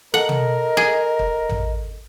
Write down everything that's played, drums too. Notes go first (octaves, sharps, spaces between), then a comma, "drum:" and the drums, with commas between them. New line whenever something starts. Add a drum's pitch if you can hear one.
A4 A#4 D#5 F#5
drum: tom
G#4
drum: kick
drum: tom A1